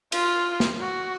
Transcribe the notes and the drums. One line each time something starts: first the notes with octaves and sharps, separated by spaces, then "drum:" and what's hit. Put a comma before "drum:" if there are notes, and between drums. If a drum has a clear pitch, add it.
F4, drum: cymbal
drum: snare
F#4